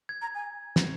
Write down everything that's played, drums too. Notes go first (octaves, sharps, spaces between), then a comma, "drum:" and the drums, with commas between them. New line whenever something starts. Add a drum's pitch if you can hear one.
G#6
A#5
G#5
drum: snare